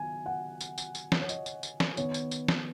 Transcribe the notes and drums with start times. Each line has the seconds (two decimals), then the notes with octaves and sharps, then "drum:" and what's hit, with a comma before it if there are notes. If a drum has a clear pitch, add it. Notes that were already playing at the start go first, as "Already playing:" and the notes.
Already playing: D#3 F#3 B3 G#5
0.26 F#5
0.61 drum: tambourine
0.78 drum: tambourine
0.95 drum: tambourine
1.12 drum: snare
1.21 C#5
1.29 D#5, drum: tambourine
1.46 drum: tambourine
1.63 drum: tambourine
1.80 drum: snare
1.97 D#3 B3 C#5, drum: tambourine
2.14 drum: tambourine
2.31 drum: tambourine
2.48 drum: snare